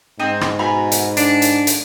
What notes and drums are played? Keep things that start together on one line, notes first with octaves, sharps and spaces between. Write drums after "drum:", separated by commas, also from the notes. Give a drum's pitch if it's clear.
G#2 C4 D#4 D#6
drum: rim click
B2 G#5 A#5 B5
drum: hi-hat
D4, drum: hi-hat
drum: hi-hat
drum: hi-hat